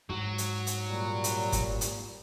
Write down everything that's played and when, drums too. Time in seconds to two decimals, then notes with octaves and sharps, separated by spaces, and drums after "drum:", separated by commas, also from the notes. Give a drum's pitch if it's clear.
0.10 G#2 F#3
0.38 drum: hi-hat
0.67 drum: hi-hat
0.87 A#2 G3
1.24 drum: hi-hat
1.52 drum: kick G1, hi-hat
1.81 drum: hi-hat